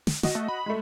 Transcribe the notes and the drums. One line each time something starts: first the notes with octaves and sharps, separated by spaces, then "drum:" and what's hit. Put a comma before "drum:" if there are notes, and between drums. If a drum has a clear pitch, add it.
drum: snare
F#4 D#5, drum: snare
A3
B5
G#3 A3